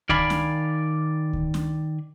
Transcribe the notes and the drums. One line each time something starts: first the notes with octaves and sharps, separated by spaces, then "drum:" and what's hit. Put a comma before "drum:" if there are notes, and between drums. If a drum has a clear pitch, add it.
D#3 D5 F5 G#5 B5, drum: kick C#2
drum: snare
drum: kick C#2
drum: snare